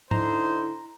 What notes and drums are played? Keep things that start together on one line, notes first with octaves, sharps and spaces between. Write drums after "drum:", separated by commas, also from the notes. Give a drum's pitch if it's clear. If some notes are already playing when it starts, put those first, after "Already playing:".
D3 D#4 E4 C5 A#5, drum: tom G#2